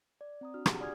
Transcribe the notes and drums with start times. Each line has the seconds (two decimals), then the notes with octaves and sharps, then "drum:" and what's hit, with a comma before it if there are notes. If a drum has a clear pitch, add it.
0.21 D5
0.41 C4 A#5 D#6
0.54 D4 F#4 F6
0.66 G4 G#4 F#5, drum: rim click
0.80 F4 D5 G#5 D#6 F6 G#6